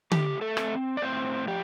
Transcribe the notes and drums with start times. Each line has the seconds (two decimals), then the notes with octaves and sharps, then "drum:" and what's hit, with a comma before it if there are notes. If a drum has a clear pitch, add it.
0.12 A3 G4, drum: tom D3
0.41 A3 A4
0.57 C4, drum: rim click
0.97 D5
1.02 A2 C4 C5
1.48 F3 G4